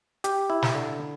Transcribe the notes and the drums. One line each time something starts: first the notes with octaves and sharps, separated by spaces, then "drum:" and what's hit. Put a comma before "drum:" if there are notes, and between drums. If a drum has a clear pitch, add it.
G4, drum: hi-hat
E4
drum: snare
D3